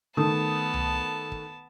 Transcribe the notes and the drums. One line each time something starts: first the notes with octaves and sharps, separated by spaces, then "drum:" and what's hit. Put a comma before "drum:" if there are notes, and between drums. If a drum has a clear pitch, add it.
D#3 A3 B3 A5 D#6
drum: tom C2
drum: kick